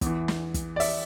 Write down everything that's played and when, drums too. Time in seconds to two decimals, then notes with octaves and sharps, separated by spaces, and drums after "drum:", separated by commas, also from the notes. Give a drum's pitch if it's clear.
0.01 E2, drum: kick, hi-hat
0.07 E3
0.28 drum: snare
0.54 drum: kick, hi-hat
0.76 D5
0.80 E5, drum: open hi-hat